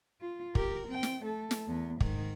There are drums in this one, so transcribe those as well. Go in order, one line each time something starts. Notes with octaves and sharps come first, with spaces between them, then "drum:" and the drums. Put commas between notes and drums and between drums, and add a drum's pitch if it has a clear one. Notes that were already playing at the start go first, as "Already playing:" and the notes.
F4
G4 A#4, drum: kick
C4 G5
drum: snare
A3 A4
drum: snare
E2 B3
G#2 D#3, drum: kick